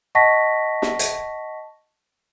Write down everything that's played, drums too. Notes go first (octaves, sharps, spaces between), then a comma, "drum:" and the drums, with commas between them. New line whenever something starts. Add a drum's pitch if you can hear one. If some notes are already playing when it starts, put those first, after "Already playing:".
D#5 F#5 A5 C#6 A#6 B6
drum: snare
drum: hi-hat